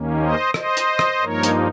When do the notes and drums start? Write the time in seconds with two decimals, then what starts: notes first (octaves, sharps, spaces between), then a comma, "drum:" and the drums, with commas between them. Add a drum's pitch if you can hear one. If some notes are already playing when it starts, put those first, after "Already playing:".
Already playing: D#2 D#3 A#3 C#4
0.21 C5 D#5
0.54 C5 D#5, drum: rim click
0.77 drum: hi-hat
0.99 drum: rim click
1.21 G2 F3 A#3 D#4 A#4 C#5
1.43 drum: hi-hat